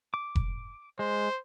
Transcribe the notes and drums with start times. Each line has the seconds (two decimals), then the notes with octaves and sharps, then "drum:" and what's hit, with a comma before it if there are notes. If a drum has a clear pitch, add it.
0.14 D6
0.35 drum: kick F1
0.99 G#3 C5